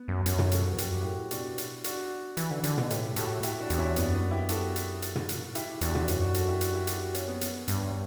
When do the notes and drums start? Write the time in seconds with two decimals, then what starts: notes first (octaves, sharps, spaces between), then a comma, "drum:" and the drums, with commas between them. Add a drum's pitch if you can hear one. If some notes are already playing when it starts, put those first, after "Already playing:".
Already playing: B3
0.08 F#2
0.26 F#2 C#4, drum: hi-hat
0.39 drum: tom
0.52 F#4 A4, drum: hi-hat
0.72 E2
0.78 F#2 G4, drum: hi-hat
0.90 F#4
1.01 A2 E4 G4
1.31 B2 D4 F#4, drum: hi-hat
1.58 drum: hi-hat
1.84 D4 F#4, drum: hi-hat
2.37 E3, drum: hi-hat
2.51 D3
2.64 D3, drum: hi-hat
2.78 B2, drum: tom
2.90 A2 E4 G4, drum: hi-hat
3.16 A2 F#4 A4, drum: hi-hat
3.43 E4 G4, drum: hi-hat
3.60 D4 F#4
3.70 E2, drum: hi-hat
3.78 C#4 E4
3.96 F#2 B3 D4, drum: hi-hat
4.15 B3
4.31 E4 G4
4.49 F#4 A4, drum: hi-hat
4.76 drum: hi-hat
5.02 drum: hi-hat
5.15 drum: tom
5.29 drum: hi-hat
5.55 E4 G4, drum: hi-hat
5.81 E2 D4 F#4, drum: hi-hat
5.95 drum: tom
6.08 F#2, drum: hi-hat
6.21 D4 F#4
6.34 F#4 A4, drum: hi-hat
6.48 E4 G4
6.61 D4 F#4, drum: hi-hat
6.74 E4 G4
6.87 D4 F#4, drum: hi-hat
7.15 C#4, drum: hi-hat
7.28 B3
7.41 B3, drum: hi-hat
7.68 G2, drum: hi-hat